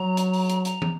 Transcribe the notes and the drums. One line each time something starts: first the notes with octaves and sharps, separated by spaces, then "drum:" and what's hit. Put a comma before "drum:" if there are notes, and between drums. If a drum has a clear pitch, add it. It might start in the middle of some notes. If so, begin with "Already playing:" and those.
Already playing: F#3 A#5
drum: hi-hat
drum: open hi-hat
drum: hi-hat
A#5, drum: hi-hat
drum: tom